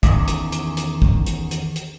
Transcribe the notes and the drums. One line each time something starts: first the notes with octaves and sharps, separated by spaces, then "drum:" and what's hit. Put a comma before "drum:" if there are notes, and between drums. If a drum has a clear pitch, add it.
E2 D#3 C#4 D5, drum: kick, hi-hat
drum: hi-hat
drum: hi-hat
drum: hi-hat
drum: kick
drum: hi-hat
drum: hi-hat
drum: hi-hat